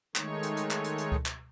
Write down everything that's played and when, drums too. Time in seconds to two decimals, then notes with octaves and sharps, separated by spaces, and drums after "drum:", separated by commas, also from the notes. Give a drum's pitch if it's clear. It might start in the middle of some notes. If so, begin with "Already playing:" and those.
0.15 D#3 G#3 A3 D#4 C#5, drum: clap
0.43 drum: hi-hat
0.57 drum: hi-hat
0.71 drum: clap
0.84 drum: hi-hat
0.98 drum: hi-hat
1.12 drum: kick C#2
1.26 drum: clap